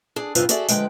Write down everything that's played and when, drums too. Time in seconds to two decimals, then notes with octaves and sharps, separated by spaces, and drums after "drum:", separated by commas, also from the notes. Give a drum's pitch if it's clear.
0.16 D4 G#4
0.35 E2 G2 C3 C4 F4 B4, drum: tambourine
0.49 F#4 G#4 A4 D5 E5, drum: tambourine
0.69 D3 F3 G#3 B4 G5, drum: tambourine